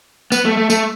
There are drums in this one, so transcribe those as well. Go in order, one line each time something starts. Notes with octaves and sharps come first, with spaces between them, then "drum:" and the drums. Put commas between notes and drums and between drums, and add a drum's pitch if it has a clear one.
B3, drum: tambourine
A3
A3
A3, drum: tambourine